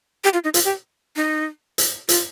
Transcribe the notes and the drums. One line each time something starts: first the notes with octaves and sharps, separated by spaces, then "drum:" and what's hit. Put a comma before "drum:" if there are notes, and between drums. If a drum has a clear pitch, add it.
G4
F4
D#4
F4, drum: hi-hat
G4
D#4
drum: hi-hat
F4, drum: hi-hat